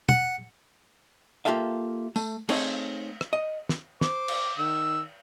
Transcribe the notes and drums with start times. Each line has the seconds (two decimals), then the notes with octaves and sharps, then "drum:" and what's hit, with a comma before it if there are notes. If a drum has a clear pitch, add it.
0.09 F#5, drum: tom
1.45 A#3 F4 G4 A4 E5 F5
2.16 A3, drum: tambourine
2.49 A3 C4 D#4 G#4 C#5, drum: cymbal
3.21 drum: rim click
3.33 D#5
3.69 drum: snare
4.01 C5 D6, drum: snare
4.28 drum: cymbal
4.58 D#3 E6